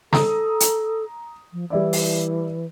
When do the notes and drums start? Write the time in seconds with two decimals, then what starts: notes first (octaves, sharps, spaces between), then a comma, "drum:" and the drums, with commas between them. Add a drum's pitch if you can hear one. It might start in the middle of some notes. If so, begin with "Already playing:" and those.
0.13 A4 A#5 D#6, drum: snare
0.60 drum: hi-hat
1.53 F3
1.70 E3 G3 E4 D5
1.93 drum: open hi-hat